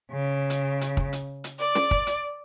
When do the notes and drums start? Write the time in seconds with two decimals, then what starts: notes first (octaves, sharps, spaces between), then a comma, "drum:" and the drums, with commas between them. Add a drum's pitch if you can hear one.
0.12 C#3
0.50 drum: hi-hat
0.81 drum: hi-hat
0.97 drum: kick
1.13 drum: hi-hat
1.44 drum: hi-hat
1.60 D5
1.75 drum: snare
1.91 drum: kick
2.07 drum: hi-hat